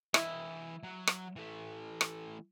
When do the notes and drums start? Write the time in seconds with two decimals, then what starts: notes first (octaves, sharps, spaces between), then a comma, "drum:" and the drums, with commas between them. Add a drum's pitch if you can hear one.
0.14 E3 E4 D#5, drum: rim click
0.83 F#3
1.07 drum: rim click
1.36 E3 A3
2.01 drum: rim click